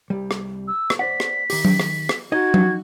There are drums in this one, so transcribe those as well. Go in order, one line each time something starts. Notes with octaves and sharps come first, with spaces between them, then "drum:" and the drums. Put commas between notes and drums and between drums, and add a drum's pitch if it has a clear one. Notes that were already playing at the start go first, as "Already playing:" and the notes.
C2 G3
drum: rim click
E6
drum: rim click
C5 D5 F#5 B6
drum: rim click
D#3 G4, drum: open hi-hat
drum: tom F#3
drum: rim click
drum: rim click
D#4 F#4 D#5 G#6
drum: tom F#3